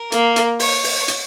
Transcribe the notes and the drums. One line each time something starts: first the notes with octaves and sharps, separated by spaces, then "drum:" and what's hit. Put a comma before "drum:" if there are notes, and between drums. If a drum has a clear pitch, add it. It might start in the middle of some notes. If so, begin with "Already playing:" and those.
Already playing: A#4
A#3, drum: hi-hat
drum: hi-hat
C#5, drum: open hi-hat
drum: open hi-hat
drum: hi-hat